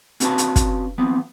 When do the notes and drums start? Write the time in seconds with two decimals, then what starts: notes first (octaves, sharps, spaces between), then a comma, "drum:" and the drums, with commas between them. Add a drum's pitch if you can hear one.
0.20 C4 C#4 F#4 B4 F5 A5, drum: hi-hat
0.38 drum: hi-hat
0.56 drum: kick, hi-hat
0.98 F3 B3 C4